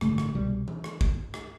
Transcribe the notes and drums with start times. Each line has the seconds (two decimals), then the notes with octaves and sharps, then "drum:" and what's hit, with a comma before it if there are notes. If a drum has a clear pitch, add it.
0.01 A1 G2 D3 A3, drum: rim click
0.18 drum: rim click
0.35 C2 B2 G3
0.68 drum: tom E3
0.84 drum: rim click
1.01 drum: kick
1.34 drum: rim click